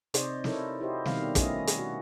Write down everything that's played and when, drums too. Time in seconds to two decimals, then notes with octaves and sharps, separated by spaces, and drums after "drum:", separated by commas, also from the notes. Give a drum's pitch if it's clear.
0.14 C3 D#4 C5 D5 D#5, drum: hi-hat
0.44 D#4 E4 A4 A#4 C#5, drum: snare
0.80 D#4 E4 F#4 G4 C5 D#5
1.05 B2 D#3 G3 C4 E5 F5, drum: snare
1.35 A3 C#4 E4 D#5, drum: kick, hi-hat
1.67 drum: hi-hat
1.79 F#4